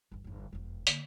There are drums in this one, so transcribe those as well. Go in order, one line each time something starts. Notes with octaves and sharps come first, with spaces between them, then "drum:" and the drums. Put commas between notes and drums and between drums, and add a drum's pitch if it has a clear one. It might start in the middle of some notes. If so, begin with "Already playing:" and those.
G1 E2
G1 E2
E1 F2
D3 A#3, drum: hi-hat